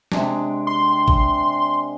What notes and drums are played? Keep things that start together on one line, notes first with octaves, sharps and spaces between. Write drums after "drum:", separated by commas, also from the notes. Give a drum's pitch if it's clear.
C3 G#3 D4, drum: snare
C6
drum: kick A1